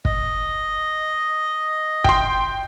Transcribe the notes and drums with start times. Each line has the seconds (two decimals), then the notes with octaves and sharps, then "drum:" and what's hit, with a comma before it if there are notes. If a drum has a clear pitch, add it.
0.05 D#5, drum: kick
2.04 G5 C6, drum: kick